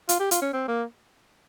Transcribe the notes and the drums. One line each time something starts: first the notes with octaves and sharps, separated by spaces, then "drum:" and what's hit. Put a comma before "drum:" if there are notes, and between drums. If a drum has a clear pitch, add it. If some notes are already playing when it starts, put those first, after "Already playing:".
F4, drum: hi-hat
G4
F4, drum: hi-hat
C#4
C4
A#3